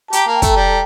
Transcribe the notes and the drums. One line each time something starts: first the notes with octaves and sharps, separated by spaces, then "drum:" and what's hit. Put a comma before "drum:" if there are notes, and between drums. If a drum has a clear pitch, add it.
A5
G4 A#5, drum: hi-hat
A5
A#3
G5
A3 A4, drum: kick, hi-hat
G3